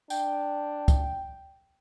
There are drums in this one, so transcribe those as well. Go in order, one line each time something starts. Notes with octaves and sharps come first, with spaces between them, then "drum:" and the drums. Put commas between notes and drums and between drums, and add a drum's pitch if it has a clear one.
D4 G5, drum: tambourine
drum: kick, tambourine